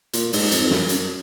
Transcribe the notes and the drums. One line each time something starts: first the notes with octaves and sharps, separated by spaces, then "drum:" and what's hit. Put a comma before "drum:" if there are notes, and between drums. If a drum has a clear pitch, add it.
A#2, drum: hi-hat
G#2, drum: open hi-hat
F2, drum: hi-hat
F2
F#2, drum: snare
F#2, drum: hi-hat